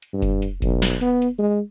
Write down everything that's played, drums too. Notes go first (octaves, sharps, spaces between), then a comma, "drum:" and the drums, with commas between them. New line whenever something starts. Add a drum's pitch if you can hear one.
drum: hi-hat
G2
drum: kick F1, hi-hat
drum: hi-hat
B1, drum: kick F1, hi-hat
drum: snare
B3, drum: hi-hat
drum: hi-hat
G#3